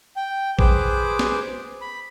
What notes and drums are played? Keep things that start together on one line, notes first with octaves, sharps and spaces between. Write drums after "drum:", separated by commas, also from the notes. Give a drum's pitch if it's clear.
G5
G#4 B4 C5 D6, drum: kick A#1
drum: snare
B5